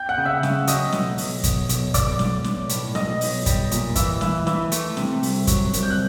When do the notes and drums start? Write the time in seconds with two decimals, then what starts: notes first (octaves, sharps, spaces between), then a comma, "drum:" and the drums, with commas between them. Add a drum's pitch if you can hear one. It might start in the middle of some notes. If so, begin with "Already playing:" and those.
Already playing: G5 G6
0.09 F#5 F#6
0.18 C#3
0.25 E5 E6
0.43 C#3, drum: snare
0.67 F#3 D#5 D#6, drum: hi-hat
0.92 B1, drum: snare
1.18 B1, drum: open hi-hat
1.43 B1, drum: kick, hi-hat
1.69 B1, drum: hi-hat
1.94 B1 D5 D6, drum: kick, hi-hat
2.19 B1, drum: snare
2.44 B1, drum: snare
2.69 A2, drum: hi-hat
2.95 B1 D#5 D#6, drum: snare
3.21 B1, drum: open hi-hat
3.46 G3, drum: kick, hi-hat
3.71 A#2, drum: hi-hat
3.95 E3 E5 E6, drum: kick, hi-hat
4.21 E3 E5 E6, drum: snare
4.47 E3 E5 E6, drum: snare
4.72 A3, drum: hi-hat
4.97 C3, drum: snare
5.23 C2, drum: open hi-hat
5.47 F#3, drum: kick, hi-hat
5.73 C2, drum: hi-hat
5.83 G6
5.90 F#6